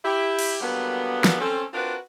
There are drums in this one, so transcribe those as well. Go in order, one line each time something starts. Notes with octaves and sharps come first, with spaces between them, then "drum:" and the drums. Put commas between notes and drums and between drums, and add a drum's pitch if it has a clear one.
E4 G4
drum: cymbal
D3 F#3 G3 A#3 B3
drum: snare
C4 C#4 A4
C4 D4 F4 F#4 A#4 B4